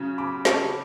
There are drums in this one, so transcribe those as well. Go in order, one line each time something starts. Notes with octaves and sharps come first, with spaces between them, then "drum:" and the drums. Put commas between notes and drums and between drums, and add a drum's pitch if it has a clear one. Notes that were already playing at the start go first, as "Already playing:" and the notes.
Already playing: C#3 F#3 C#4
B5 D6
A5 C#6, drum: snare